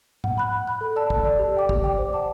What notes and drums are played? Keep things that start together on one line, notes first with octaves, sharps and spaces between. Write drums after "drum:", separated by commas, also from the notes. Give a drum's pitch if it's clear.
F#5, drum: tom
B5 F#6
F#5
B5 F#6
A4
D5 A5 E6
A4, drum: kick
D5 A5 E6
G4
D5 G5 D6
G4, drum: kick
D5 G5 D6
C5
F#5 A5 D6